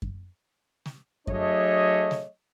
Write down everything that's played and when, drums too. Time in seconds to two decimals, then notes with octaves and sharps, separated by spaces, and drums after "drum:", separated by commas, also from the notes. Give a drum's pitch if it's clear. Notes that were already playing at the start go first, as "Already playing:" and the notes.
0.02 drum: kick F#2
0.86 drum: snare
1.27 F#3 A3 D4 G#4 C#5 D#5, drum: kick F#2
2.11 drum: snare